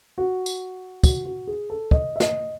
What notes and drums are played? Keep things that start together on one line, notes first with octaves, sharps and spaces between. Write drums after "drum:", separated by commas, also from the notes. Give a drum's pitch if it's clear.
F#4
drum: tambourine
F#4, drum: kick, tambourine
F#4
G#4
A4
D#5, drum: kick
E5
D#5, drum: snare